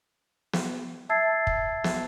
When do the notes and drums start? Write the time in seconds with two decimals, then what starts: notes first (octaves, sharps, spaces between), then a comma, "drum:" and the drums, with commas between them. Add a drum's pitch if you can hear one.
0.53 drum: snare
1.09 E5 A5 E6 G#6 A6 C7
1.47 drum: kick
1.84 drum: snare